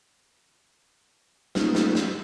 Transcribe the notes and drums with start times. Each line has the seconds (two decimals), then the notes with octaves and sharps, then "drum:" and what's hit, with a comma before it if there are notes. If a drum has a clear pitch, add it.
1.55 G3 A3 A#3 C#4 D#4 F4, drum: snare
1.75 drum: snare
1.95 drum: snare